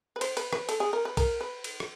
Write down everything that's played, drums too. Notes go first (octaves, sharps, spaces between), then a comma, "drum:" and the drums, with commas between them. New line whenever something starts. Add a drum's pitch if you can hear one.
B4
C5, drum: cymbal
B4, drum: cymbal
B4, drum: rim click
A4, drum: cymbal
G#4
A#4
B4
A#4, drum: kick, cymbal
B4
drum: cymbal
drum: rim click